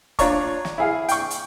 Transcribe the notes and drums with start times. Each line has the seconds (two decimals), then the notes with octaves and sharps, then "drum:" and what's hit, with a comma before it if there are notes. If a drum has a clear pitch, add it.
0.19 D4 F4 C#5 D5 A#5 C#6, drum: kick E1, hi-hat
0.65 drum: snare
0.78 E4 G#4 F5
1.09 G5 C#6, drum: hi-hat
1.30 drum: hi-hat